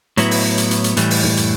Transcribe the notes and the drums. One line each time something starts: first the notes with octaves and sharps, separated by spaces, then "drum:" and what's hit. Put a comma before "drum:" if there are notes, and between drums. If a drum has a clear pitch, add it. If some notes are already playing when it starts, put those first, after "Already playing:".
A2 F#3 B3 E4, drum: hi-hat
drum: open hi-hat
drum: hi-hat
drum: hi-hat
drum: hi-hat
A2 E3 G3, drum: hi-hat
drum: open hi-hat
drum: tom
drum: hi-hat